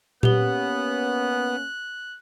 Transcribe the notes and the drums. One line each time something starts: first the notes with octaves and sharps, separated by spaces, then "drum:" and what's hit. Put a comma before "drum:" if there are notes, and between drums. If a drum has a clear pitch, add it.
A#3 B3 C#4 G4 F#6 G7, drum: tom A#2